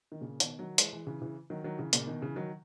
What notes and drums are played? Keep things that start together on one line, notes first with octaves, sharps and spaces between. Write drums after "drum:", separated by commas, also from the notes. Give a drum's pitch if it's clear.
D#3
A#2 C#3
B2 D#3, drum: hi-hat
D#3 F#3
E3 G#3, drum: hi-hat
E3 G#3
C#3 E3
C#3 E3
D#3 F#3
D#3 F#3
C#3 E3
A#2 C#3, drum: hi-hat
B2 D#3
C#3 E3
D#3 F#3